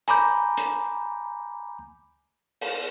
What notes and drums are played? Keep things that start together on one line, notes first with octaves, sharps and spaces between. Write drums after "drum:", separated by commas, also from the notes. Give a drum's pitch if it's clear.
G#5 A#5 B5 D6 G6, drum: hi-hat
drum: hi-hat
drum: open hi-hat